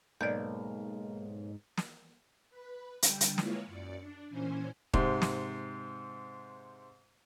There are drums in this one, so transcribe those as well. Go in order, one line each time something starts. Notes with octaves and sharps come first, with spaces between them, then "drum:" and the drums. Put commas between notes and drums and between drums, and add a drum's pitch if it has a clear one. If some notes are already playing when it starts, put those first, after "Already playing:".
B1 G#2 A#3 D#4 A#4 D5 G6
drum: snare
B4
D3 G3 G5, drum: hi-hat
drum: hi-hat
G#3 A#3 E4 F4 B4 C#5, drum: snare
F#2 D5 C#7
D4
A#2 E3 C#4 C5 G#5
G#2 C3, drum: kick D#1
drum: snare